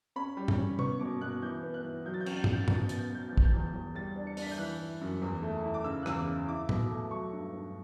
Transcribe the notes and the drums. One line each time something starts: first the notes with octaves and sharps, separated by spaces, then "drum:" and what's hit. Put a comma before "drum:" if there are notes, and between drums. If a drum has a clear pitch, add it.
C#4 B5
G3
drum: tom G#2
C#4
B3 C#6, drum: tom C3
B2 D6
B2 F#6
E3 G6
B3
F#6
E3
F#3 G6
A6
G6
C#4 A6, drum: cymbal
G6
A6, drum: tom G#2
C#4 G6
A6
B2 G6, drum: tom G#2
A6
G6
B3 A6, drum: hi-hat
G6
A6
B2 G6
A6
G6
E2
A6, drum: kick
G6
E2
E2
G3 A6
D4
C#7
D4 B6, drum: open hi-hat
G6
E3 F#6
E3
F#2
E2
A3
E4
D6
C#3 E6
F#6
E2 E6, drum: rim click
D6
C#3
E4 D6
B2, drum: tom A2
A3
F#3 C#6
G2
G2